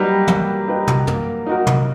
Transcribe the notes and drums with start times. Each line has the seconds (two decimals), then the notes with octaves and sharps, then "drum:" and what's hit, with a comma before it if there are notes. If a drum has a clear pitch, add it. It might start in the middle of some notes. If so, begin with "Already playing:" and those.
Already playing: F#3 G3 A#3 D#4 G4 B4
0.27 A#3, drum: tom
0.68 D#4 G4 B4
0.87 drum: tom
1.07 A#3, drum: tom
1.46 D#4 F#4 A#4
1.67 drum: tom